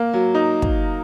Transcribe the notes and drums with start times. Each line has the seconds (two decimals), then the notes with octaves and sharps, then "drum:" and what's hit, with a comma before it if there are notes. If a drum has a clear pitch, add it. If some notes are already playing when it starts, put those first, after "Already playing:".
Already playing: A#3
0.14 F#3
0.35 D#4
0.62 drum: kick